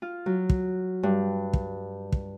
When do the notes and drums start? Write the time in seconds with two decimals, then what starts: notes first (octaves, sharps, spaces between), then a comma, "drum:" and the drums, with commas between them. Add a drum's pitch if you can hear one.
0.02 F4
0.26 F#3
0.50 drum: kick
1.03 G2
1.53 drum: kick
2.12 drum: kick